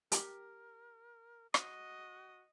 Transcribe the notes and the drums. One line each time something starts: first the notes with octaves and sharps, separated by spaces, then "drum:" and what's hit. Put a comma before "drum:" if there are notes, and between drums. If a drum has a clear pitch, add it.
G4 A#4, drum: hi-hat
F#4 D#5, drum: rim click